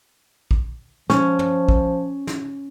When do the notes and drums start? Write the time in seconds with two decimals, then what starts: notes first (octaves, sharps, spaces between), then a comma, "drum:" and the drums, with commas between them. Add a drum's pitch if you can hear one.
0.51 drum: kick
1.10 F3 C#4, drum: snare
1.39 drum: tom
1.68 drum: kick
2.27 drum: snare